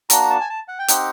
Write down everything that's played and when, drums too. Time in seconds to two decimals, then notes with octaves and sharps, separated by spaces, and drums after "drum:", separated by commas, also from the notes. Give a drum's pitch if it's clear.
0.10 A#3 D4 F#4 A#5, drum: hi-hat
0.30 A5
0.41 G#5
0.49 A5
0.68 F#5
0.79 G5
0.88 C4 D#4 G4 F#5, drum: hi-hat